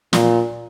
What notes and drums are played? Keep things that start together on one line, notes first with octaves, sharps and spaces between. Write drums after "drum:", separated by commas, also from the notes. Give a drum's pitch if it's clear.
A#2, drum: snare